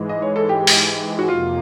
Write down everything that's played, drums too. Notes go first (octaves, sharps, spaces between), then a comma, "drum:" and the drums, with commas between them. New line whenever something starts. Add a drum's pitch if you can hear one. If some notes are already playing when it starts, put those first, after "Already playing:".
Already playing: G#2 E3 G#3
D#5
C#5
A4
G4
drum: open hi-hat
F#4
F2 C3 F3 A#3 F4